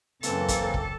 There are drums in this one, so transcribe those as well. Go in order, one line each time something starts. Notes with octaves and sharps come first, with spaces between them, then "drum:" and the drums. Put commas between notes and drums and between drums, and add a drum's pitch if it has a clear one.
F#2 C#3 E3 A#3 C4 A4, drum: hi-hat
drum: kick, hi-hat
drum: kick